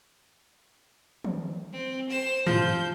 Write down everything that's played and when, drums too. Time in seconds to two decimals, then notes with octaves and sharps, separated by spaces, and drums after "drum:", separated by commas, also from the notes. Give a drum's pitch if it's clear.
1.24 drum: tom
1.73 C4
2.10 C5 E7
2.47 F3 G6, drum: tom